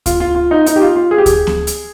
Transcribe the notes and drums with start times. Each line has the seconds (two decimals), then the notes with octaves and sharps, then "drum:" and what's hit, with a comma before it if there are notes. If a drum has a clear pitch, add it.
0.06 F4, drum: kick D2, hi-hat
0.20 F4
0.35 F4
0.51 D#4
0.66 D#4, drum: hi-hat
0.76 G4
0.82 F4
0.96 F4
1.11 G#4
1.18 G4
1.26 G#4, drum: kick D2, hi-hat
1.47 drum: snare B3
1.67 drum: hi-hat